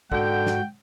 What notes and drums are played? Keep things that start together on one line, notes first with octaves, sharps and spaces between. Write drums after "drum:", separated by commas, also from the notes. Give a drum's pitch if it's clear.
G#2 D3 F#4 G5, drum: kick
drum: snare